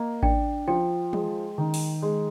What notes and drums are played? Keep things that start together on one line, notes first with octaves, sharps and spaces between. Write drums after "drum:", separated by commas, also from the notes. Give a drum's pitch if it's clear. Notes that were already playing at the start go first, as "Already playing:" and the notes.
Already playing: A#3 D#5
D4 G5, drum: kick A1
F3 G5
G#3, drum: tom
D#3
drum: open hi-hat
G#3